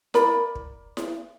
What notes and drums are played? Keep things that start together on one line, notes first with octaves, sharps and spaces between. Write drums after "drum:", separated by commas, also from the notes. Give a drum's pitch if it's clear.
A#4 D5 B5, drum: snare E4
drum: kick
drum: snare E4